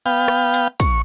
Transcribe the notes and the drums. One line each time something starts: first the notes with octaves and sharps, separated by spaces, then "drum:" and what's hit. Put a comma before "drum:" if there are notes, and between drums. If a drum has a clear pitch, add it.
B3 F5 G5
drum: rim click
drum: hi-hat
C#6, drum: kick, hi-hat